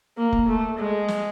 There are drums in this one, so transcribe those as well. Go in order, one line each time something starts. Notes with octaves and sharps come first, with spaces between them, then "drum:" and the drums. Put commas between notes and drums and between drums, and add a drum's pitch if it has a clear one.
A#3
drum: kick F1
A3
G#3
drum: snare